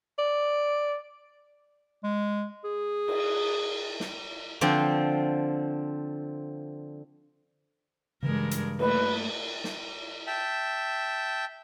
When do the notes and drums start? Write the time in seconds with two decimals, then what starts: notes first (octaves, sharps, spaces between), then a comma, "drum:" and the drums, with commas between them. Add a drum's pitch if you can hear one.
0.19 D5
2.04 G#3
2.64 G#4
3.08 drum: cymbal
4.00 drum: snare
4.61 D3 F3 C4
8.23 G2 C#3 E3 G#3 A#4
8.51 drum: hi-hat
8.79 A3 A#3 B4, drum: cymbal
9.64 drum: snare
10.27 E5 G5 A5